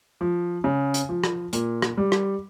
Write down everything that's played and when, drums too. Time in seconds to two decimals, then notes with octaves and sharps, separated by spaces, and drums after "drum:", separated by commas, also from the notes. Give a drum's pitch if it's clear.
0.21 F3
0.64 C#3
0.94 drum: hi-hat
1.09 F3
1.24 drum: rim click
1.53 A#2, drum: hi-hat
1.82 drum: rim click
1.97 G3
2.12 drum: rim click